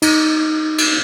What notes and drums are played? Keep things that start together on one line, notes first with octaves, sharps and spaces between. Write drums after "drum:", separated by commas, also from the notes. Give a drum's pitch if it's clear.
D#4, drum: cymbal
drum: cymbal